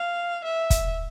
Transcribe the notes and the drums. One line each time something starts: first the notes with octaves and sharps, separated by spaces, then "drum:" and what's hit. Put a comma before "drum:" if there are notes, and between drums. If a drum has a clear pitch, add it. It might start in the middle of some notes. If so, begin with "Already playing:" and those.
Already playing: F5
E5
drum: kick, hi-hat